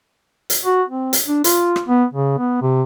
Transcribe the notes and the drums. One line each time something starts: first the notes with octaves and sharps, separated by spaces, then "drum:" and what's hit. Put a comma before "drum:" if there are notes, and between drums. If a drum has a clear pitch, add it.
drum: hi-hat
F#4
C4
drum: hi-hat
D4
F4, drum: hi-hat
drum: rim click
B3
C#3
B3
C3